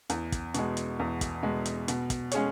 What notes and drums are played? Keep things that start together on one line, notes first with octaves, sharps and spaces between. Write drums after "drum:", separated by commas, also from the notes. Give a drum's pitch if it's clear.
E2, drum: hi-hat
drum: kick, hi-hat
B2 G#3, drum: hi-hat
drum: hi-hat
E2
drum: kick, hi-hat
B2 G#3
drum: hi-hat
B2, drum: hi-hat
drum: kick, hi-hat
G#3 C#4 G#4 C#5, drum: hi-hat